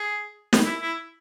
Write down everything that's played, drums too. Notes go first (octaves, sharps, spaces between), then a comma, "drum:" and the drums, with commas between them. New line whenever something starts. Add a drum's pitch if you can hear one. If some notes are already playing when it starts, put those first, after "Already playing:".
Already playing: G#4
drum: snare
E4
E4